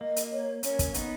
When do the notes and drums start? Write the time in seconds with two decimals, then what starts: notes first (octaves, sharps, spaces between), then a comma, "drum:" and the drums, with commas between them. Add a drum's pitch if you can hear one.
0.01 A#3 D#5
0.16 drum: hi-hat
0.32 C#5
0.63 A#3 C#4 C#5, drum: hi-hat
0.79 drum: kick, hi-hat
0.94 B3 D#4, drum: hi-hat